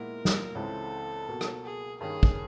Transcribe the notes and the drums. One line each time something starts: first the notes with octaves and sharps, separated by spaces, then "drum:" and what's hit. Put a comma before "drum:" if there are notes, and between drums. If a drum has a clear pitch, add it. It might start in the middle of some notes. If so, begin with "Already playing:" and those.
Already playing: A#2 F3 G#3 B3 E4 A#4
drum: snare
C#2 C#3 E3 G#3 C4 A4
B2 F#3 A#3
drum: rim click
G#4
G2 D#3 G3 A#3 C#4 G#4
drum: kick